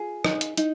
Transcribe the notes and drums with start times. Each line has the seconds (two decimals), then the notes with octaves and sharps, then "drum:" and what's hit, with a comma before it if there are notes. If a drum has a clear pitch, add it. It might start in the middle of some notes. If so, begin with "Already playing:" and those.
Already playing: F4 G#4
0.24 D#4, drum: rim click
0.41 drum: hi-hat
0.57 D#4, drum: hi-hat